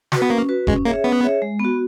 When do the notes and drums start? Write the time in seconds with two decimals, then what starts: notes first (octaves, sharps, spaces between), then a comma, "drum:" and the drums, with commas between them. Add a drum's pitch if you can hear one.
0.12 F#4 B4, drum: snare
0.22 B3
0.30 A#3 C#4
0.49 F#4 B4
0.67 G#3 C#4, drum: kick F1
0.85 A#3 G#4 C#5 E5
1.04 B3 C#4
1.23 G#4 C#5 E5
1.42 G#3
1.59 B3
1.65 F#4